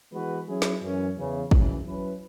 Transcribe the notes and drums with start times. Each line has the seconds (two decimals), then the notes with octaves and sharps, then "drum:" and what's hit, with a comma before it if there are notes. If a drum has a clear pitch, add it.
0.12 E3 G#3 B3 F#4 B4
0.47 F#3 C#4 E4 G#4
0.62 drum: snare
0.81 F#2 E3 C#4
1.16 E2 C#3 E3
1.51 F#2 C#3 E3, drum: kick
1.85 F#3 C#4 E4 B4